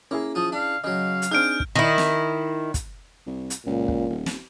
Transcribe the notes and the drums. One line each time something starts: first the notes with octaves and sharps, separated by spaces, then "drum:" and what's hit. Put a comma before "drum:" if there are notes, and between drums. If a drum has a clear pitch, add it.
A#3 C#4 E4 G#4
F3 F4 D#6
D4 F5
C#3 F#3 D#5 F5
drum: hi-hat
C4 D4 D#4 G#4 F6 G6 D7
drum: kick
D#3 E4
drum: snare
drum: kick, hi-hat
C2
drum: hi-hat
C#2 A#2
drum: kick
D#1
drum: snare